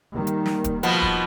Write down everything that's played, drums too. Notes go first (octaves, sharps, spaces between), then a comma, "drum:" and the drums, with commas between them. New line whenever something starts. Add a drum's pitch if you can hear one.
D#3 G3 A#3
drum: hi-hat
drum: snare
drum: kick, hi-hat
B2 F3 B3, drum: hi-hat
drum: kick